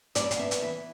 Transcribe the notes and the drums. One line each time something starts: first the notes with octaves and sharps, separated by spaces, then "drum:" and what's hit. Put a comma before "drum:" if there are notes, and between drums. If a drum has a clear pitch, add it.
G2 D5, drum: hi-hat
F5, drum: hi-hat
B3 E5
drum: hi-hat
E3 E5